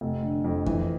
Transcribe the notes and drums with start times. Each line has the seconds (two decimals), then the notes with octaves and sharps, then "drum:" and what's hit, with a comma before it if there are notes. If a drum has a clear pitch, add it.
0.01 F1
0.23 D3
0.44 F2
0.66 E3, drum: kick F2